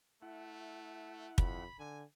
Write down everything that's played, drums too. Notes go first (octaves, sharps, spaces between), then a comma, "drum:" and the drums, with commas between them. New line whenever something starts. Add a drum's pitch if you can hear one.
A3 E4 F#5
F2 B5, drum: kick
D3 G#5